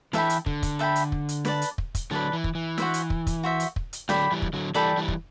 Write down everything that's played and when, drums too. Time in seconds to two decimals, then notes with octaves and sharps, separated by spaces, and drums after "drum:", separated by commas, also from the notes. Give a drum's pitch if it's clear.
0.13 E3 A4 E5 G5 B5, drum: snare
0.30 drum: hi-hat
0.46 D3, drum: kick
0.63 drum: kick, hi-hat
0.79 A4 E5 G5 B5
0.96 drum: hi-hat
1.12 drum: kick
1.29 drum: hi-hat
1.45 B4 D5 A5, drum: snare
1.62 drum: hi-hat
1.78 drum: kick
1.95 drum: kick, hi-hat
2.11 D3 F#3 B4 D5 A5
2.33 E3
2.44 drum: kick
2.55 E3
2.78 F#4 C5 E5, drum: snare
2.94 drum: hi-hat
3.10 drum: kick
3.27 drum: kick, hi-hat
3.43 F#4 C5 E5
3.60 drum: hi-hat
3.76 drum: kick
3.93 drum: hi-hat
4.09 D3 F#3 A4 D5 G5 B5, drum: snare
4.32 E3 G3
4.42 drum: kick
4.53 D3 F#3
4.74 E3 G3 A4 D5 G5 B5
4.97 E3 G3
5.08 drum: kick